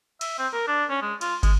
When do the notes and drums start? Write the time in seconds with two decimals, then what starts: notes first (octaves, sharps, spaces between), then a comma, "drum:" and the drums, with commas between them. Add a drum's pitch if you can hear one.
0.21 E5, drum: cymbal
0.39 C4
0.53 A#4
0.68 D4
0.90 C#4
1.02 G#3
1.21 F4, drum: cymbal
1.43 G#3, drum: kick, cymbal